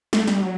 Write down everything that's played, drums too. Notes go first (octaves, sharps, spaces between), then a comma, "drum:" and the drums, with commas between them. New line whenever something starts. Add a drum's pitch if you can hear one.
A3, drum: snare
G3, drum: snare
F#3